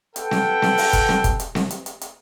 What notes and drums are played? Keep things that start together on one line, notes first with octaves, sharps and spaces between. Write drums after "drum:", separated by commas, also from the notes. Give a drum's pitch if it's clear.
A4 B4 F#5 G5, drum: hi-hat
drum: snare C4
drum: snare C4
drum: open hi-hat
drum: kick, hi-hat
drum: snare C4
drum: kick, hi-hat
drum: hi-hat
drum: snare C4
drum: hi-hat
drum: hi-hat
drum: hi-hat